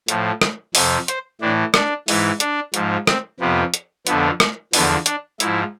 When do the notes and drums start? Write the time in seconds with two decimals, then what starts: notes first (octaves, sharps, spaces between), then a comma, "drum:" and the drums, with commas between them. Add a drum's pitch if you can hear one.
0.08 A2 F3, drum: hi-hat
0.41 drum: rim click
0.75 F2 C3 F3, drum: open hi-hat
1.08 C5, drum: hi-hat
1.41 A2 E3 D4
1.74 D4, drum: rim click
2.08 G#2 E3, drum: open hi-hat
2.40 D4, drum: hi-hat
2.74 G#2 F3, drum: hi-hat
3.07 C4, drum: rim click
3.40 F2 C3 F3 B3
3.74 drum: hi-hat
4.07 F2 D3 F3 B3, drum: hi-hat
4.40 drum: rim click
4.73 E2 D3 F3 B3, drum: open hi-hat
5.06 D4, drum: hi-hat
5.40 G#2 F3 E4, drum: hi-hat